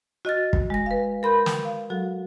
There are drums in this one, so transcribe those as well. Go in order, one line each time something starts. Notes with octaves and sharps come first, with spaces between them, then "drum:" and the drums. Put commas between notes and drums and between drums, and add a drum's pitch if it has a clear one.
F#4 D#5 F6 A6
drum: kick
G#3 A#6
B4 F5
A#4 B5 C6 G6
drum: snare
F5
F#3 F#4 A4